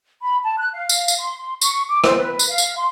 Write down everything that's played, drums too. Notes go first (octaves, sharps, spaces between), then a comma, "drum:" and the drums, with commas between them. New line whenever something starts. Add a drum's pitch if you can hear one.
B5
A5
F#6
F5
drum: tambourine
drum: tambourine
C6
C6
C#6, drum: tambourine
D6
C5, drum: rim click
B4
drum: tambourine
F5
drum: tambourine
C6